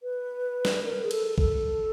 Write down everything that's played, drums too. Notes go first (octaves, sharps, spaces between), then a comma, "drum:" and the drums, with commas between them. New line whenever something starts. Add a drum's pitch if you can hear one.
B4
drum: snare
A#4
G#4
A4, drum: cymbal
A4, drum: kick A1